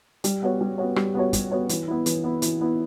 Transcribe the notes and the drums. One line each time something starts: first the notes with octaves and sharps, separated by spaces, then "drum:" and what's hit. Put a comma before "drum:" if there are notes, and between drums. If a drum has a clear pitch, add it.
G3, drum: hi-hat
B3 F#4 C#5
G3
B3 F#4 C#5
G3, drum: rim click
B3 F#4 C#5
G3, drum: kick, hi-hat
B3 F#4 C#5
E3, drum: hi-hat
B3 E4
E3, drum: hi-hat
B3 E4
E3, drum: hi-hat
B3 E4